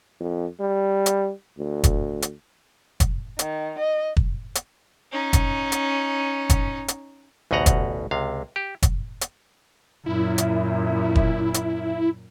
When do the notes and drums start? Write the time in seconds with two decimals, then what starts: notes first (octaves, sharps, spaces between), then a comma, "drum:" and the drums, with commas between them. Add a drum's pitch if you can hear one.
0.20 F2
0.60 G3
1.06 drum: hi-hat
1.59 D2
1.84 drum: kick, hi-hat
2.22 drum: hi-hat
3.00 drum: kick, hi-hat
3.39 D#3, drum: hi-hat
3.79 D#5
4.17 drum: kick
4.55 drum: hi-hat
5.12 C#4 D#4
5.33 drum: kick, hi-hat
5.72 drum: hi-hat
6.50 drum: kick, hi-hat
6.88 drum: hi-hat
7.51 A1 D2 B2 D#5 F#5 A#5
7.66 drum: kick, hi-hat
8.11 C#2 C3 F5
8.56 G4
8.82 drum: kick, hi-hat
9.21 drum: hi-hat
10.06 F#2 A#2 E4
10.38 drum: hi-hat
11.15 drum: kick
11.54 drum: hi-hat